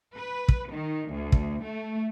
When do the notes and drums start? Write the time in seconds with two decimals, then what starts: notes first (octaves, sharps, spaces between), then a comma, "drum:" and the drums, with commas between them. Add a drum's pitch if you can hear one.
0.17 B4
0.48 drum: kick
0.72 D#3
1.11 D2
1.32 drum: kick
1.64 A3